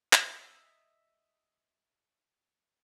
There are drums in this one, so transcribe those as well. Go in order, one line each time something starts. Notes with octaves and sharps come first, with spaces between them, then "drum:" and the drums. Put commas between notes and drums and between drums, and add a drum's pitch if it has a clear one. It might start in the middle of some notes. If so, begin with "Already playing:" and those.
D#5 E5, drum: clap